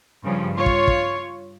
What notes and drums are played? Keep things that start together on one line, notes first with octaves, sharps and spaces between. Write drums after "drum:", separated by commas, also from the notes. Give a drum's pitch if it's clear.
G2 C#3 F3
F4 C#5
drum: kick
drum: kick